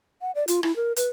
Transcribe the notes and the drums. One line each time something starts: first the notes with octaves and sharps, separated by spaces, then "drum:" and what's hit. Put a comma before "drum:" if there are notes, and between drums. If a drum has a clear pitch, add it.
F#5
D5
F4, drum: hi-hat
E4, drum: rim click
A#4
B4, drum: hi-hat